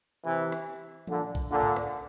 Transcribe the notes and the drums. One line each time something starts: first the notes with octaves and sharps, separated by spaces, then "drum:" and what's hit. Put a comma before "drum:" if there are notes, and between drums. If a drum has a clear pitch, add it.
C3 E3
drum: rim click
A#2 D3, drum: tom E3
drum: kick A#1
A#2 D3
drum: tom G#2
drum: rim click